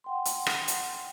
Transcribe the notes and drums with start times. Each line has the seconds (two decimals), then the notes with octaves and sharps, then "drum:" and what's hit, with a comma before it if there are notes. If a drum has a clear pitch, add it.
0.04 F#5 G5 C6
0.25 drum: hi-hat
0.47 drum: rim click
0.68 drum: hi-hat